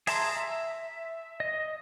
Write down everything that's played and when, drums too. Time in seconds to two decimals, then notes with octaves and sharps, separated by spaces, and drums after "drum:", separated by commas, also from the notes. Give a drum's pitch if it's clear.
0.07 G#4 E5 A5 A#5 C6, drum: open hi-hat
0.37 E5
1.40 D#5